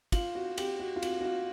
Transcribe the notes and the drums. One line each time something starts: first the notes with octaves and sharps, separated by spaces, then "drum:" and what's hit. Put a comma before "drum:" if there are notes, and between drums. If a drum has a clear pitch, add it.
F4, drum: kick, cymbal
F#4
G4, drum: cymbal
F#4
F4
F#4, drum: cymbal
F#4
F4